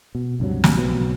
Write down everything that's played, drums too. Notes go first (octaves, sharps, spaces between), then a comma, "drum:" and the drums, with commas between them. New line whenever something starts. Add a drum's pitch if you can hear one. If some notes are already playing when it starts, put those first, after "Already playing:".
B2
C#2 G2 C3 F#3
drum: snare
B1 F#3 B3 C4